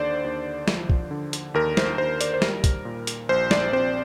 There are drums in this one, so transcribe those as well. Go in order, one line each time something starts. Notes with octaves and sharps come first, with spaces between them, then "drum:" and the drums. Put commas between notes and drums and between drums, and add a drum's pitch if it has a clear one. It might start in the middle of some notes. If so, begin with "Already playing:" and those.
Already playing: D#2 D3 C5 D5
D#2
F3, drum: snare
drum: kick
D3
drum: hi-hat
D#2 A#4
C5, drum: snare
D#2 C5
D5, drum: hi-hat
C5
G3 A#4, drum: snare
drum: kick, hi-hat
A#2
drum: hi-hat
A#1 C5
D5, drum: snare
C4 C5